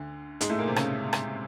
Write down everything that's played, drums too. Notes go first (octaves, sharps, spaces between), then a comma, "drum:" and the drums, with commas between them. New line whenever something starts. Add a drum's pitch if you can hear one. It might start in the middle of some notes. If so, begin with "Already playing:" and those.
Already playing: D2 D3
G#2 G#3, drum: hi-hat
A2 A3
A#2 A#3
C3 C4
C#3 C#4, drum: rim click
drum: rim click